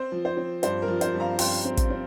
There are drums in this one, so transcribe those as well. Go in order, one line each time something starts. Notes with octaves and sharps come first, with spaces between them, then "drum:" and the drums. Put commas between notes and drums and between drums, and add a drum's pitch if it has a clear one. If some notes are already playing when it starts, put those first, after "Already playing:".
Already playing: C4 C5
F3
C5
C4
G2 C5, drum: hi-hat
A#4
F3
C5, drum: hi-hat
G2
F5 A#5
G2 G5 C6, drum: open hi-hat
C4
drum: kick, hi-hat
C4